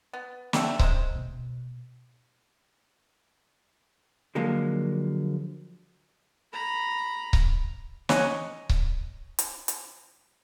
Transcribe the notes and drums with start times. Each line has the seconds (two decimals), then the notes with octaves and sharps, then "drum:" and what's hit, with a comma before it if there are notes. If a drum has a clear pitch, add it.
0.13 B3
0.53 A3 C4 D4 F#4, drum: snare
0.79 G#3 A#3 C5, drum: kick C#1
1.15 B2
4.35 D3 F3 F#3 G#3 A#3
6.53 A#5 B5
7.33 drum: kick C#1
8.09 C#4 D#4 C#5 D#5 G#5 F#6, drum: snare
8.69 drum: kick C#1
9.39 drum: hi-hat
9.68 drum: hi-hat